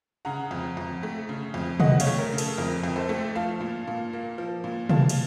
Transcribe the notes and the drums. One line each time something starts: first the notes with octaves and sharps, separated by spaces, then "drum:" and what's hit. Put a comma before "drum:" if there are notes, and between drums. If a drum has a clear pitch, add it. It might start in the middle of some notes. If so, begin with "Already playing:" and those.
C#3 F#5 A#5
F2
F2
A3
C#3
F2
F2 D#5 F#5, drum: tom
C#5 F5, drum: cymbal
A3
A#4
C#3
A4, drum: cymbal
F2 A#4
F2
A4 C5
A3
F3 F5 A5
A#2
A#2
A#3
F3
A#2
A#2 F5 A5, drum: tom
drum: cymbal